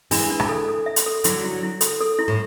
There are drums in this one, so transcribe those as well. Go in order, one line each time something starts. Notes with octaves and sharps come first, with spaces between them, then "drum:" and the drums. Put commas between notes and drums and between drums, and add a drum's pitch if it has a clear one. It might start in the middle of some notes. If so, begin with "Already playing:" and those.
E3 G#3 D4, drum: open hi-hat
D4
drum: rim click
A4
A4
E5
drum: hi-hat
A4
D3 F#3 E4, drum: hi-hat
E4
E4
A4, drum: hi-hat
A4
E4
A2